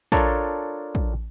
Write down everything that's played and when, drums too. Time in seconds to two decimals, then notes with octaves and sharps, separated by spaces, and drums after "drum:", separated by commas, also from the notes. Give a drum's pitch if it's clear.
0.12 D4 F4 A4 A#4 C#5, drum: kick
0.95 drum: kick